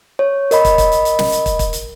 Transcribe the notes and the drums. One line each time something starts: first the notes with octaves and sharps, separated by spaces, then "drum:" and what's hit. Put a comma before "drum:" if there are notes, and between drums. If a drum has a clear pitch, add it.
C#5
A#4 D#5 B5, drum: hi-hat
drum: kick, hi-hat
drum: kick, hi-hat
drum: hi-hat
drum: hi-hat
drum: snare
drum: hi-hat
drum: kick, hi-hat
drum: kick, hi-hat
drum: hi-hat